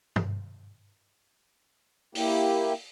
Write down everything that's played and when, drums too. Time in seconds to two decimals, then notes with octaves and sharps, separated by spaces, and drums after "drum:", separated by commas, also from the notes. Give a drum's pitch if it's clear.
0.16 drum: tom G2
2.15 A#3 E4 G4, drum: open hi-hat